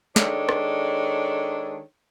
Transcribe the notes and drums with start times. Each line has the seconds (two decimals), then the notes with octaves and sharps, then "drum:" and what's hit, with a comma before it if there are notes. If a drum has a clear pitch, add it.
0.16 D#3 G#3 D4 A4 C#5, drum: snare
0.49 drum: rim click